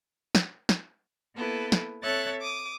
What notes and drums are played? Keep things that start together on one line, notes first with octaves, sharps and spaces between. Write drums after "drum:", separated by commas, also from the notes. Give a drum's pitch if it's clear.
drum: snare
drum: snare
A#3 B3 E4 A4 B4
drum: snare
C4 A4 C#5 E5 F#6 A6
D6 D#6